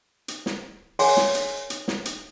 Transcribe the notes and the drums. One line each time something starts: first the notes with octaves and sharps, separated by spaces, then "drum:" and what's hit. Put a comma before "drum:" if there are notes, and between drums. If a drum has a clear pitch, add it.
drum: hi-hat
drum: snare
G#4 C#5 F#5 G#5 C6, drum: open hi-hat
drum: snare
drum: hi-hat
drum: hi-hat
drum: snare
drum: hi-hat